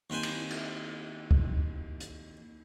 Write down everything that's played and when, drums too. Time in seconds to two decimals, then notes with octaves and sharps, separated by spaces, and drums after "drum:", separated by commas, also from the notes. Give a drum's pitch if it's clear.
0.10 D#2 C4 B4 C5 G#5
0.23 drum: cymbal
0.51 drum: cymbal
1.31 drum: kick
2.00 drum: hi-hat